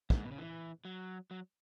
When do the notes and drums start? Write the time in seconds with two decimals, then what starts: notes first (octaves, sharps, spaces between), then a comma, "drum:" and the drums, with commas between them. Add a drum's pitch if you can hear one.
0.10 F#2, drum: kick
0.17 G#2
0.24 B2
0.31 C#3
0.38 E3
0.85 F#3
1.31 F#3